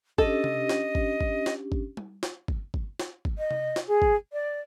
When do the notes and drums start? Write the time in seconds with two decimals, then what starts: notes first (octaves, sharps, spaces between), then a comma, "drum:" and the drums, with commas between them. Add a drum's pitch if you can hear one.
0.18 C#4 D4 G4 A4 D#5, drum: kick G1
0.44 drum: tom C3
0.69 drum: snare
0.95 drum: kick G1
1.21 drum: kick G1
1.46 drum: snare
1.72 drum: kick G1
1.97 drum: tom G3
2.23 drum: snare
2.48 drum: kick G1
2.74 drum: kick G1
2.99 drum: snare
3.25 drum: kick G1
3.38 D#5
3.51 drum: tom C3
3.76 drum: snare
3.88 G#4
4.02 drum: kick G1
4.33 D5